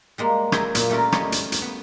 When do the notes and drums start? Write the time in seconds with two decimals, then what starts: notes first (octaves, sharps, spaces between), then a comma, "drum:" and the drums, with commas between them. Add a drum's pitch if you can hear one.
0.18 G3 G#3 A#3
0.52 F#3 G#4 E5 G5 G#5, drum: rim click
0.75 A#2, drum: hi-hat
0.90 G3 A3 C#4 F4 A#4
1.12 G3 C#5 D#5, drum: rim click
1.32 drum: hi-hat
1.52 drum: hi-hat
1.62 B3